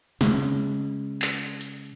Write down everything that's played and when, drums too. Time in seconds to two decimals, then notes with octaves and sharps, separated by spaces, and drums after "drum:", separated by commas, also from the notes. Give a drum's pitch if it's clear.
0.21 C#3 G#3, drum: snare
1.22 drum: clap
1.61 drum: hi-hat